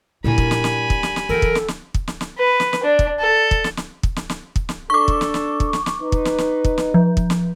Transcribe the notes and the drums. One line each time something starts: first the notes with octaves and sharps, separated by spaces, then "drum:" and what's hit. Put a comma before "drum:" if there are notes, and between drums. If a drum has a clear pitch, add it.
G2 A#2 G3 A#3 E4 G#5 B5
drum: kick
drum: snare
drum: snare
drum: kick
drum: snare
drum: snare
E3 F#3 A4 A#4 F#5 G5
drum: kick
drum: snare
drum: snare
drum: kick
drum: snare
drum: snare
B4
drum: snare
drum: snare
D4
drum: kick
A4
drum: kick
drum: snare
drum: snare
drum: kick
drum: snare
drum: snare
drum: kick
drum: snare
D4 A4 C#6 D6
drum: kick
drum: snare
drum: snare
drum: kick
drum: snare
drum: snare
D#4 B4
drum: kick
drum: snare
drum: snare
drum: kick
drum: snare
F3
drum: kick
drum: snare